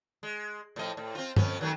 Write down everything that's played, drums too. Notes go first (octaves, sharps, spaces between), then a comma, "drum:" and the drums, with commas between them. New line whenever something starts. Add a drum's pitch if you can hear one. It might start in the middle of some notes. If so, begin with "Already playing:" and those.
G#3
A2 F3 D#5
A2
C4 F4
F2 B3 C#4, drum: tom G2
D#3 F#3 A3